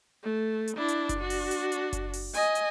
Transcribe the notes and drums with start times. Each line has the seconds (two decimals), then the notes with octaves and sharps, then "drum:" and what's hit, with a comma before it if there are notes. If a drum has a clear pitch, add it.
0.23 A3
0.68 drum: hi-hat
0.77 D4 E4
0.88 drum: hi-hat
1.09 drum: kick F#1, hi-hat
1.19 D4 F#4
1.30 drum: open hi-hat
1.51 drum: hi-hat
1.72 drum: hi-hat
1.93 drum: kick F#1, hi-hat
2.13 drum: open hi-hat
2.34 D#5 G#5, drum: hi-hat
2.55 drum: hi-hat